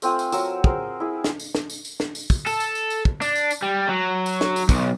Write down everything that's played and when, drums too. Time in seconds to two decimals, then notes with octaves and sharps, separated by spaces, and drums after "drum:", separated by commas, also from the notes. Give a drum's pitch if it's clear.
0.02 A3 C4 F4 G#5, drum: tambourine
0.19 drum: tambourine
0.32 F#3 A#4 G#5 E6, drum: tambourine
0.64 G#4 A#4 C5, drum: kick
1.00 E4 G#4
1.24 drum: snare
1.40 drum: tambourine
1.55 drum: snare
1.70 drum: tambourine
1.85 drum: tambourine
2.00 drum: snare
2.15 drum: tambourine
2.30 drum: kick, tambourine
2.46 A4, drum: tambourine
2.60 drum: tambourine
2.75 drum: tambourine
2.90 drum: tambourine
3.05 drum: kick
3.22 D4, drum: tambourine
3.35 drum: tambourine
3.51 drum: tambourine
3.63 G3
3.89 F#3
4.26 drum: tambourine
4.41 drum: snare
4.56 drum: tambourine
4.69 B1, drum: kick, tambourine